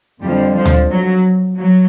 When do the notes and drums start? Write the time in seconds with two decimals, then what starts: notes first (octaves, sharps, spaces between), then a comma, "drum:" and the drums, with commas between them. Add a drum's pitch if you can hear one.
0.22 F2 D3 F3 G3
0.56 F3
0.65 drum: tom D2
0.90 F#3
1.58 F#3